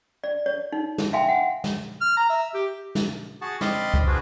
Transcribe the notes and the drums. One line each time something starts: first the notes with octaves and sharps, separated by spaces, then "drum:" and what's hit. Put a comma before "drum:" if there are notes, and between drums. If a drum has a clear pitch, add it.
D5
C#5
D#4
drum: snare
E5 F5 G5 G#5 C6
F#5
drum: snare
F6
A#5
E5
G4
drum: snare
F#4 G#4 F#5 A5
C4 D5 D#5 F5 B5 C6, drum: snare
drum: kick C2
D4 F4 F#4 G#4 B4 C5